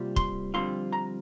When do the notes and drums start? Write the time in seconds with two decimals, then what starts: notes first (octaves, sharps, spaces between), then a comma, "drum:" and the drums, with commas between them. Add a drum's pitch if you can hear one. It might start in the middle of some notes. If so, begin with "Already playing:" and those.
Already playing: C3 G3 A#3 F4
0.16 C6, drum: kick
0.54 F2 D3 G3 C4 F4 C6
0.93 A#5